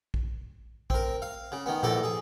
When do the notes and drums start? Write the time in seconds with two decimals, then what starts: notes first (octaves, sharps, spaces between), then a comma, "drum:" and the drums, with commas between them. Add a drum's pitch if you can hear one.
0.14 drum: kick
0.90 C4 A#4, drum: kick
1.22 F5
1.52 C#3
1.66 D#3 B3
1.83 A#1 E2 A4 D5 A#5, drum: tom A#2
2.03 G#4